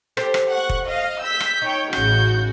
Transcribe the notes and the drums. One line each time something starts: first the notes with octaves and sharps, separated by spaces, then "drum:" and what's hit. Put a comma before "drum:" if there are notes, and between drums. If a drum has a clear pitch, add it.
G4 A4 C5, drum: rim click
drum: rim click
F#5 C#6
drum: kick
D#5 F5
E6 G6 B6
drum: rim click
D#4 C#5 G5
A1 C#3 F#4 G6, drum: rim click